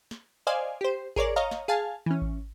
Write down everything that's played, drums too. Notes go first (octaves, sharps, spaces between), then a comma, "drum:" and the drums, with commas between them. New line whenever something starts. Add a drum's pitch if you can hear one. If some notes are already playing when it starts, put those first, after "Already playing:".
drum: snare
C5 D5 D#5 F5 G#5
G4 C5
G#4 A#4 C#5 D5, drum: kick G#1
C#5 D#5 F5 A#5
drum: snare
G#4 F5 G#5 A5
E3 C#4
drum: kick G#1